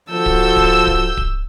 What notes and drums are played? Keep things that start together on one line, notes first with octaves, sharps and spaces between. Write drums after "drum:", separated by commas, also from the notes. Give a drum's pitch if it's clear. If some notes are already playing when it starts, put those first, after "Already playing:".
F3 F#4 A4 E6 G6
drum: kick D1
drum: kick D1
drum: kick D1
drum: kick D1